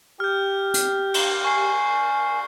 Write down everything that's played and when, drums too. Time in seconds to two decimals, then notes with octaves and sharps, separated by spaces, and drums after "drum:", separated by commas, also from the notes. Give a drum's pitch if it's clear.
0.20 G4 F6 G6
0.74 drum: hi-hat
1.14 drum: cymbal
1.44 G#5 C#6 C7